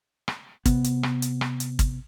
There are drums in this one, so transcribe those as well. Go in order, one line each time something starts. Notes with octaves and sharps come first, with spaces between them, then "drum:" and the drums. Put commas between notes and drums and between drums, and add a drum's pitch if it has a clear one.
drum: rim click
C3 B3, drum: kick, hi-hat
drum: hi-hat
drum: rim click
drum: hi-hat
drum: rim click
drum: hi-hat
drum: kick, hi-hat